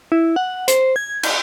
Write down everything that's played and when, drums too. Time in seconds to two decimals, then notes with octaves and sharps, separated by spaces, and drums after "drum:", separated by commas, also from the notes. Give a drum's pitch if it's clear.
0.12 E4
0.36 F#5
0.68 C5, drum: hi-hat
0.96 G#6
1.23 G6, drum: cymbal